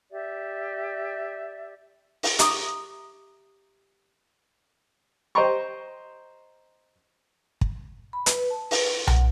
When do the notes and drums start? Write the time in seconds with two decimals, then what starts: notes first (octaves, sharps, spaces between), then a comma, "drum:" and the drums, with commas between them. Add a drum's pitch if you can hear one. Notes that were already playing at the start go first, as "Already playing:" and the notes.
0.11 G4 D5 E5
2.23 drum: open hi-hat
2.39 G4 E5 A#5 D6 D#6, drum: hi-hat
5.35 C5 D#5 G5 A#5 C6 C#6
7.61 drum: kick
8.13 B5
8.26 B4, drum: hi-hat
8.50 A5
8.71 B4, drum: open hi-hat
9.07 F#5, drum: tom B1